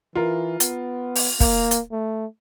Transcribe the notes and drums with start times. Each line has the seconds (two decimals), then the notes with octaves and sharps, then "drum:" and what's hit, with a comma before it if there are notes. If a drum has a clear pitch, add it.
0.15 E3 F4 A#4
0.60 B3, drum: hi-hat
1.15 drum: open hi-hat
1.40 A#3, drum: kick, open hi-hat
1.71 drum: hi-hat
1.92 A3